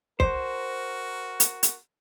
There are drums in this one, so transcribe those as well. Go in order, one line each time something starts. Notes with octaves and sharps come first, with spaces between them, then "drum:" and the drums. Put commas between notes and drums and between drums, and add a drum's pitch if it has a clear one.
F#4 A#4 C5, drum: kick
drum: hi-hat
drum: hi-hat